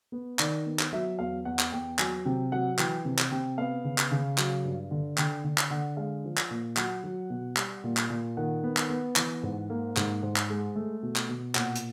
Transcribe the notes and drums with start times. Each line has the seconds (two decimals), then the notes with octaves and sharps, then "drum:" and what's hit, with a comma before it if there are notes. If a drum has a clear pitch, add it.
0.12 B3
0.39 D#3 D5, drum: clap
0.66 B3
0.79 drum: clap
0.93 F#3 E5
1.19 E2 F5
1.45 E2 F#5
1.59 drum: clap
1.72 E2 G5
1.99 F#3 G#5, drum: clap
2.26 C3 G5
2.52 F#3 F#5
2.79 E3 G5, drum: clap
3.05 C3
3.18 drum: clap
3.31 C3 G5
3.58 B3 F5
3.84 C#3
3.98 drum: clap
4.11 C#3
4.38 F#3, drum: clap
4.64 G2
4.91 D3
5.18 D3 G5, drum: clap
5.44 D3
5.58 drum: clap
5.70 D3 F#5
5.97 G#3 F5
6.25 F3
6.37 drum: clap
6.50 A#2
6.77 F#3 F#5, drum: clap
7.04 F#3
7.30 B2
7.56 G3, drum: clap
7.84 A#2
7.97 drum: clap
8.10 A#2
8.37 D#3 F#5
8.63 B3
8.77 drum: clap
8.90 B3
9.16 E3, drum: clap
9.43 G#2
9.70 A#3
9.97 G#2, drum: clap
10.23 G#2
10.36 drum: clap
10.50 G#3
10.76 A3
11.02 B2
11.16 drum: clap
11.29 B2
11.55 A#2 F#5, drum: clap
11.76 drum: hi-hat